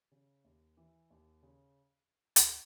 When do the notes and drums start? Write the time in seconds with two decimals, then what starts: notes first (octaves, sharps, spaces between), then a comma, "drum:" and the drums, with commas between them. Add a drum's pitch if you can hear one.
0.11 C#3
0.45 D#2
0.77 E3
1.10 D#2
1.43 C#3
2.36 drum: hi-hat